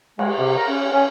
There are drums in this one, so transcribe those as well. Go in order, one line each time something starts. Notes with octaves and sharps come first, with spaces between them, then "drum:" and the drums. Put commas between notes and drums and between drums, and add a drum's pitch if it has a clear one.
G#3, drum: cymbal
C3
A#4
C#4
C#4